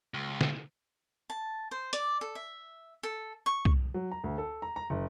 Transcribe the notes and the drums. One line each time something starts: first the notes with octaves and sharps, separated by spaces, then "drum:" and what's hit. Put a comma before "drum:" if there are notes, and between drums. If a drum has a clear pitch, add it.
C#2
drum: snare
A5
C5
D5, drum: hi-hat
A4
E5
A4
C#6
drum: kick
F#3
A#5
D2
A4
A#5
A#5
F#1